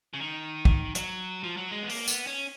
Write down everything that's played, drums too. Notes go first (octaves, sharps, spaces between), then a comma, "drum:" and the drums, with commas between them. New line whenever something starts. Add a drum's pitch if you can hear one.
C#3
D#3
drum: kick
F#3, drum: hi-hat
F3
F#3
G#3
B3
A#3, drum: open hi-hat
B3, drum: tambourine
C#4